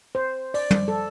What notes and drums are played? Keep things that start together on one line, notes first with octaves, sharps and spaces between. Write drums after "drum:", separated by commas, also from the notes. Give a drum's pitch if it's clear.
C5
D5, drum: open hi-hat
drum: tom
A4